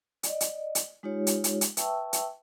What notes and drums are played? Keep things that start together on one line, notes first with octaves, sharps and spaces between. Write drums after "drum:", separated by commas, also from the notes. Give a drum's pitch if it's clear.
D5 D#5, drum: hi-hat
drum: hi-hat
drum: hi-hat
G#3 D#4 F4 G4 C#5
drum: hi-hat
drum: hi-hat
drum: hi-hat
B4 E5 G5 A5 C#6 E6, drum: hi-hat
drum: hi-hat